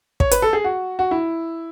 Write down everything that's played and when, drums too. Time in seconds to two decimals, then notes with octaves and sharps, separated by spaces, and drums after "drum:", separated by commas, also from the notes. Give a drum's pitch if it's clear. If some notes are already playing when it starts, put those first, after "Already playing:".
0.20 C#5, drum: kick
0.31 B4, drum: hi-hat
0.42 A4
0.53 G#4
0.64 F#4
0.99 F#4
1.11 E4